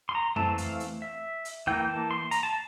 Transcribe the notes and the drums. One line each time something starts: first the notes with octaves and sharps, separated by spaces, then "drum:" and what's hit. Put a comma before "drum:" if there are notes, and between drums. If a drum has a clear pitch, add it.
C6
A#5
E3 A3 C4 A5, drum: tom F2
F5, drum: hi-hat
drum: hi-hat
E5
drum: hi-hat
E3 A#3 G5
A5
C6
A#5, drum: hi-hat
A5